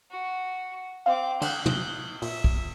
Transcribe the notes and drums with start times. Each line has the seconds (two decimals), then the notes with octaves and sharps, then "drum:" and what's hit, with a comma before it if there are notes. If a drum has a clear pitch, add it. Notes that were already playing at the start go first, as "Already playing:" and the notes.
0.12 F#4
1.06 C4 F5 D6
1.42 D3 F#6 G6, drum: cymbal
1.66 drum: tom
2.22 A#2 E5, drum: open hi-hat
2.44 drum: kick